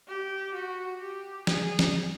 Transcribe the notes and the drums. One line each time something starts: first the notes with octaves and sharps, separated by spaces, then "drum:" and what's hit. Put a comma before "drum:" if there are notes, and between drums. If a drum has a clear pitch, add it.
G4
F#4
G4
G#4, drum: snare
drum: snare